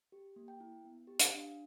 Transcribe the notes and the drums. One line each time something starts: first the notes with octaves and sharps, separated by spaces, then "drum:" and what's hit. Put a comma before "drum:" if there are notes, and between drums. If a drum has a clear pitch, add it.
G4
A#3
G5
E4
B3
G4
F5, drum: hi-hat
D4